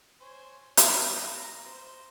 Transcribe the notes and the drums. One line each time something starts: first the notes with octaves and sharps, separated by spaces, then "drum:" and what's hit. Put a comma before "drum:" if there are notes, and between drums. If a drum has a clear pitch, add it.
C5 C#5 G#5
A3 C#5 C6, drum: hi-hat
E4 C5 D#5
A#5
C5